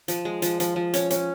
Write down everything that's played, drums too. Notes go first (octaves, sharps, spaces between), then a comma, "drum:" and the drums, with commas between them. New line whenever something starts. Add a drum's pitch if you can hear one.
F3, drum: hi-hat
G#3
F3, drum: hi-hat
F3, drum: hi-hat
F3
C#4, drum: hi-hat
C#4, drum: hi-hat